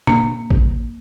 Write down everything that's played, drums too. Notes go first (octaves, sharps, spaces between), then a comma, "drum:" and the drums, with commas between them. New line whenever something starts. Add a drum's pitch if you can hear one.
A#3, drum: tom A#2
drum: kick